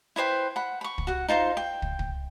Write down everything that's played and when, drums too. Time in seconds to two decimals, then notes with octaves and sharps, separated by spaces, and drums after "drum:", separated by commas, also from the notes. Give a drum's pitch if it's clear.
0.16 E4 B4 C5 G5
0.56 F#5 B5
0.81 B5 C#6
0.98 drum: kick
1.07 F#4 F#5
1.28 D#4 F4 C5 A#5
1.57 G5
1.82 drum: kick
1.99 drum: kick